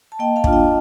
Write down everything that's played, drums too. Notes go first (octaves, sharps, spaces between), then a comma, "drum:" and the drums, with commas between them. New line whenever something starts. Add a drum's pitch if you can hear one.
A5
A#3 D#5 G5
F5 A5
D4 F4, drum: kick
D#5 G5